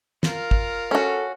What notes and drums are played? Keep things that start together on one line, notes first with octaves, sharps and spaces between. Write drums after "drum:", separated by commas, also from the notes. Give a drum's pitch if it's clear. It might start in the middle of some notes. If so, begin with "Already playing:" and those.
F4 A#4, drum: snare
drum: kick
C#4 F#4 A4